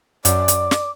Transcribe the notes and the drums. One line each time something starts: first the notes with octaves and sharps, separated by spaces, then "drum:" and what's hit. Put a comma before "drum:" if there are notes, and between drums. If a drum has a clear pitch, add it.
F#2 D5 D6, drum: hi-hat
drum: hi-hat
drum: snare